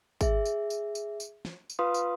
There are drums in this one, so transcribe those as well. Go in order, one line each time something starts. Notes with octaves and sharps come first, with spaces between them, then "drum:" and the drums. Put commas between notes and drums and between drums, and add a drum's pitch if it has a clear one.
G#4 E5, drum: kick, tambourine
drum: tambourine
drum: tambourine
drum: tambourine
drum: tambourine
drum: snare
drum: tambourine
F4 B4 F5 C6 D#6
drum: tambourine